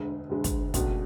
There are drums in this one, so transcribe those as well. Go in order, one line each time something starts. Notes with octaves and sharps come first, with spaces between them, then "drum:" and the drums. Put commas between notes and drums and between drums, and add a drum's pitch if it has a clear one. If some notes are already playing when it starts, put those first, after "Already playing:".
Already playing: E1 D2 D3 G#3
E1 D2 D3 G#3
drum: kick, hi-hat
C#2 B2 A3 D4 F#4, drum: kick, hi-hat